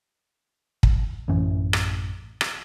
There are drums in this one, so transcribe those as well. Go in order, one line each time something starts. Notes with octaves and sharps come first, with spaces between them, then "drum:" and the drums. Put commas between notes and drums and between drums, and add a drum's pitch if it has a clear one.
drum: kick
A1 F#2 E3 C#4
drum: rim click
drum: rim click